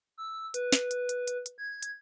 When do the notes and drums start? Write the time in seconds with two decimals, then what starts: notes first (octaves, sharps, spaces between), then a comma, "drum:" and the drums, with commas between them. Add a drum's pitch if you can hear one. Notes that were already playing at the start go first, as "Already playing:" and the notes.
0.18 E6
0.54 B4, drum: hi-hat
0.72 drum: snare
0.91 drum: hi-hat
1.09 drum: hi-hat
1.27 drum: hi-hat
1.46 drum: hi-hat
1.58 G#6
1.83 drum: hi-hat